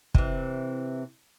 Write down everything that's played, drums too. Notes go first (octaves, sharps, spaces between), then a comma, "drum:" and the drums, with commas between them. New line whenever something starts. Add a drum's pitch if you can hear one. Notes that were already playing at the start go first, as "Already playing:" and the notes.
C3 E3, drum: kick